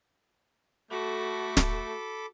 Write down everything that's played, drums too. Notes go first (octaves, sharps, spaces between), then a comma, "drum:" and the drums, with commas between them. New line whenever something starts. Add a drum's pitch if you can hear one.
A3 F#4 A4 B5 D6
drum: snare